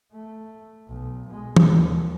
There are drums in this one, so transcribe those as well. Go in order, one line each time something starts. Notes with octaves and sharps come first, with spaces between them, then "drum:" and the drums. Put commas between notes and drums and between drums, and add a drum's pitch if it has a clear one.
A3
B1
B2 G#3
drum: tom
D#2